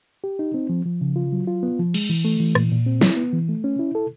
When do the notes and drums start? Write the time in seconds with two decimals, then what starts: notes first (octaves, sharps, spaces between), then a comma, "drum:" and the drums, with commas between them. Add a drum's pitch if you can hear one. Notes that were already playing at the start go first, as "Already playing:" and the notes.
0.24 G4
0.39 D#4
0.54 C4
0.69 F3
0.85 F3
1.01 C#3
1.16 F4
1.32 F#3
1.47 F4
1.63 B3
1.79 F3
1.94 G#3, drum: cymbal
2.10 E3
2.25 A3
2.40 E3
2.55 A#2, drum: rim click
2.72 A#2
2.87 C4
3.01 E4, drum: snare
3.17 B3
3.33 E3
3.49 A3
3.64 C#4
3.79 E4
3.95 A4